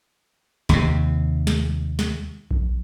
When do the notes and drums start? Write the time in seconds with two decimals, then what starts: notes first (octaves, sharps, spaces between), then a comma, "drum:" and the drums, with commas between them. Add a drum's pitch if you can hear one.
0.69 D#2 C3, drum: snare
1.47 drum: snare
1.99 drum: snare
2.51 drum: kick A#1